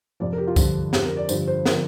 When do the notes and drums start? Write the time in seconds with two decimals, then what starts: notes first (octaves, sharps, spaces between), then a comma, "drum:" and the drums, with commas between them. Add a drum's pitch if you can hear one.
0.20 F2 C3 F3 D5
0.33 A#4
0.38 G4
0.47 F4
0.56 G2 D3 F3, drum: kick C2, tambourine
0.93 F2 D3 F3 G4, drum: snare
1.05 A#4
1.17 D5
1.29 G2 D3 F3 C5, drum: tambourine
1.48 C5
1.66 D3 F3 A#4, drum: snare